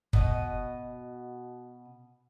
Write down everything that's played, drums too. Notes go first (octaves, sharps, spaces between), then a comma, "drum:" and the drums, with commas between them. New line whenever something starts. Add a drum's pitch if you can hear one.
B2 D#5, drum: kick F#1